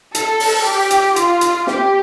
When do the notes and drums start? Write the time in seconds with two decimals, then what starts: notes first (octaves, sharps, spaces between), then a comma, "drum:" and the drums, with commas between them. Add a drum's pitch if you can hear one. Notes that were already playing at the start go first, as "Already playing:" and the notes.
0.15 A4, drum: hi-hat
0.40 drum: open hi-hat
0.65 G4
0.90 drum: hi-hat
1.16 F4, drum: hi-hat
1.41 drum: hi-hat
1.67 G4, drum: snare